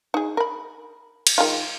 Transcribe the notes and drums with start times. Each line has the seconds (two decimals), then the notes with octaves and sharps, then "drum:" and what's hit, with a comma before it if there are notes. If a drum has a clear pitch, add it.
0.14 D#4 G#4
0.37 A#4 B5
1.27 drum: cymbal
1.38 D#3 G#3 F4